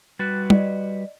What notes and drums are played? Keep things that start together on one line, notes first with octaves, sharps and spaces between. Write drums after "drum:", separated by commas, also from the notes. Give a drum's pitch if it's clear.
G3 F#4 B4 F#6 A6
D5 D#5, drum: tom